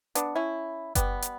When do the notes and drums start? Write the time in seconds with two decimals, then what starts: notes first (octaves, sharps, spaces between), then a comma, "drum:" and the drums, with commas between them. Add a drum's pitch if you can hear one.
0.15 B3 D4, drum: hi-hat
0.35 C#4 E4
0.95 G3 B3, drum: kick F#1, hi-hat
1.22 drum: hi-hat